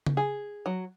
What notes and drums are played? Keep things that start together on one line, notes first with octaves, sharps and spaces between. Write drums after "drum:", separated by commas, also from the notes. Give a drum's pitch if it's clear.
drum: tom C#3
G#4
F#3